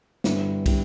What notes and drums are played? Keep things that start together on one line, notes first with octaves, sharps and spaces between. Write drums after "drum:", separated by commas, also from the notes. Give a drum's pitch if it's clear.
G2 D3 G3 B3 E4, drum: snare
D3 G3 B3 E4, drum: kick, cymbal